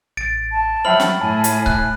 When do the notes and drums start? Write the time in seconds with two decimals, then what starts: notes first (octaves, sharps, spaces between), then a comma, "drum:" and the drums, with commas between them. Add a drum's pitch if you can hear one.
0.17 A1 A6 D7
0.52 A5
0.85 F#3 C5 E5 G5 B5 F6 F#7
1.00 drum: snare
1.21 A2 G#5 A5
1.44 drum: hi-hat
1.66 F#6, drum: kick C#1